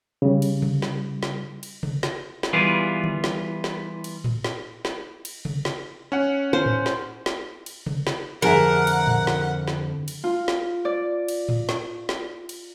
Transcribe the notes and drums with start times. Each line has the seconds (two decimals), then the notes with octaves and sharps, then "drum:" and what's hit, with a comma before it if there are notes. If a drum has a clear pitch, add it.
0.22 C#3 G3
0.42 drum: cymbal
0.62 drum: tom C3
0.82 drum: snare
1.23 drum: snare
1.63 drum: cymbal
1.83 drum: tom C3
2.03 drum: snare
2.43 drum: snare
2.53 E3 G3 B3 F4 G#4
3.04 drum: tom D3
3.24 drum: snare
3.64 drum: snare
4.04 drum: cymbal
4.24 drum: tom A2
4.44 drum: snare
4.85 drum: snare
5.25 drum: cymbal
5.45 drum: tom C3
5.65 drum: snare
6.12 C#4 F#5
6.53 C5
6.66 drum: tom A2
6.86 drum: snare
7.26 drum: snare
7.66 drum: cymbal
7.86 drum: tom C3
8.07 drum: snare
8.42 F2 D3 G#4 A#4 E5 F#5
8.87 drum: cymbal
9.07 drum: tom A2
9.27 drum: snare
9.68 drum: snare
10.08 drum: cymbal
10.24 F4
10.48 drum: snare
10.85 D5
11.28 drum: cymbal
11.49 drum: tom A2
11.69 drum: snare
12.09 drum: snare
12.49 drum: cymbal